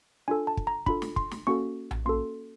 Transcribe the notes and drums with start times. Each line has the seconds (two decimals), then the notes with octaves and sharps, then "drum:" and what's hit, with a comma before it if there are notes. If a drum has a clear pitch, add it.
0.28 D4 F4 A4 G#5
0.47 A5
0.57 drum: kick
0.67 A#5
0.86 D4 F4 A4 B5, drum: kick
1.02 drum: snare
1.16 C6, drum: kick
1.31 drum: snare
1.47 A#3 C#4 F#4 A4 C#6
1.91 drum: tom A#1
2.05 A#3 C#4 F#4 A4 C6